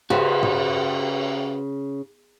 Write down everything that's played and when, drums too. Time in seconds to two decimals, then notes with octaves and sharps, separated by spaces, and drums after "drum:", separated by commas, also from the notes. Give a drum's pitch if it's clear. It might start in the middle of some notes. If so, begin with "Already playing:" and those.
0.10 C#3 F#4 B4 C5, drum: cymbal
0.43 drum: tom